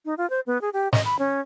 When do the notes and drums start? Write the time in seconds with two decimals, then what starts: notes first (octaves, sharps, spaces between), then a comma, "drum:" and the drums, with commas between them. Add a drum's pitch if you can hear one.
0.05 D#4
0.18 F4
0.30 C5
0.47 B3
0.61 G#4
0.73 G4
0.93 D#5, drum: snare
1.05 B5
1.19 C#4